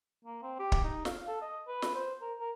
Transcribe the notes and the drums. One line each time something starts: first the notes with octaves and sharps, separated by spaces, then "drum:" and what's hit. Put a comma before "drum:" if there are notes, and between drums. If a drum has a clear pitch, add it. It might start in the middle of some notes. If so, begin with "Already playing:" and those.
A#3
C4
G4
drum: kick
D#4
F5, drum: snare
A4
D#5
B4
drum: snare
C5
A#4
A#4